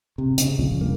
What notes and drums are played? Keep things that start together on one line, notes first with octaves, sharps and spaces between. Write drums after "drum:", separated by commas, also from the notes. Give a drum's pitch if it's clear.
C3
C#3, drum: hi-hat
D2 A#2 C#3 F3
F1 G2 C#3 A#3